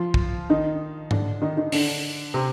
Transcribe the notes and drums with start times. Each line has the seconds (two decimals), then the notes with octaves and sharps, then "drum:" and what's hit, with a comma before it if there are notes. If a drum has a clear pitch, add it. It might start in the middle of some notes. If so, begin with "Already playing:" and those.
Already playing: F3 F4
0.14 drum: kick
0.50 D#3 D#4
1.11 D3 D4, drum: tom G#2
1.42 D#3 D#4
1.57 D#3 D#4
1.72 D3 D4, drum: open hi-hat
2.34 C3 C4